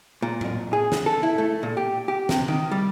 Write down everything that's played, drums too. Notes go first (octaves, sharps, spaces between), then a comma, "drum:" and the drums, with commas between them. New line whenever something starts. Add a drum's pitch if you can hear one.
A#2
drum: tom A2
G#4
drum: snare
A4
E4
A3
A#2
G4
G4
C3, drum: snare
D#3
G3